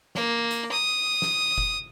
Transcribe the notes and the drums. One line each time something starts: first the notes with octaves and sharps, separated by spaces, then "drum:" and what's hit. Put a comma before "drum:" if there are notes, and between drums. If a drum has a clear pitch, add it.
A#3, drum: snare
drum: hi-hat
D#6
drum: snare
drum: kick F#1